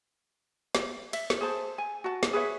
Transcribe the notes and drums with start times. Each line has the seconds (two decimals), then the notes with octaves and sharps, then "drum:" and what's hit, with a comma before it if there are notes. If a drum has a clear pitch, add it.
0.75 drum: snare
1.13 E5, drum: cymbal
1.30 drum: snare
1.41 G#4 C5 A5
1.78 G#5
2.04 F#4 A5
2.23 drum: snare
2.33 G#4 B4 C#5 E5